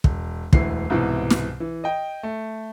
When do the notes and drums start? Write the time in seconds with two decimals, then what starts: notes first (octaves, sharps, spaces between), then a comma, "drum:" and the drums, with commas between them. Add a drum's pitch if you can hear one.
0.04 E1, drum: kick
0.53 E1 D2 E3 C7, drum: kick
0.90 C2 G#2 B2 E3
1.30 drum: snare
1.60 E3
1.84 D#5 G5
2.23 A3